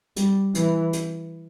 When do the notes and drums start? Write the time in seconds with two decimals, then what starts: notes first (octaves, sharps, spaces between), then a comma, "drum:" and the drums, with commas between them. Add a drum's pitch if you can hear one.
0.16 G3, drum: hi-hat
0.55 E3, drum: hi-hat
0.93 drum: hi-hat